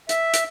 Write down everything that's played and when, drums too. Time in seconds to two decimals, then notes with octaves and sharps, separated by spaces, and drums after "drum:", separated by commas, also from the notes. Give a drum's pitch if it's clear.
0.09 E5, drum: hi-hat
0.34 drum: hi-hat